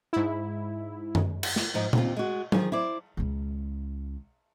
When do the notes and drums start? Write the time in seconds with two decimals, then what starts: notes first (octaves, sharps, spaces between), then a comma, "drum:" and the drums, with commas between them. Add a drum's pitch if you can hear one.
0.13 G#2 E4
1.15 drum: tom F#2
1.43 drum: cymbal
1.56 drum: snare
1.74 G#2 F3 D#4
1.93 D#2 C4 F4, drum: tom A#2
2.17 G#3 F#4
2.52 D#3 F3 G#4, drum: tom F#3
2.72 E4 C5 D5
3.17 C#2 C#3